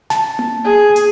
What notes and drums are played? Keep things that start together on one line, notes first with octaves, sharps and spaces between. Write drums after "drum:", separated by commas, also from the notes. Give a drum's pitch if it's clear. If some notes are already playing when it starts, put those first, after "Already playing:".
A5, drum: snare
drum: tom A#3
G#4
drum: hi-hat